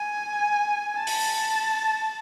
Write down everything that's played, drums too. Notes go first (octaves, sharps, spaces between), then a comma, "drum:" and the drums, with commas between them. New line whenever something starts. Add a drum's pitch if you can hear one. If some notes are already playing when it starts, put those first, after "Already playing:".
Already playing: G#5
A5
drum: open hi-hat